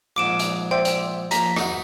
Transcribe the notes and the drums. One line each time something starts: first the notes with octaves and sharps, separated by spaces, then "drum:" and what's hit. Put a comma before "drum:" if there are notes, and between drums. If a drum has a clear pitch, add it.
A#1 G#2 D6 D7 E7
drum: hi-hat
C5 D5 E5 G5
drum: hi-hat
F3 A#3 A#5 B6, drum: hi-hat
D#4 E4 F#4, drum: rim click